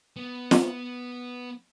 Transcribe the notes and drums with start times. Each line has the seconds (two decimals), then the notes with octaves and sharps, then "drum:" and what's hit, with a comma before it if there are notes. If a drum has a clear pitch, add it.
0.16 B3
0.51 drum: snare